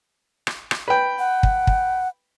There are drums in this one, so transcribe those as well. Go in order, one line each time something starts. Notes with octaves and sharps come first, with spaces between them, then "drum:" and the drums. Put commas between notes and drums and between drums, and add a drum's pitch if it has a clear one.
drum: rim click
drum: rim click
B4 G5
F#5
drum: kick
drum: kick